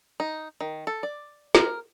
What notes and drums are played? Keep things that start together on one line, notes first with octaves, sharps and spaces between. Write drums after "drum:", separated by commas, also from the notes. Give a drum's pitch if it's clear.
D#4
D#3
A4
D5
A#4, drum: snare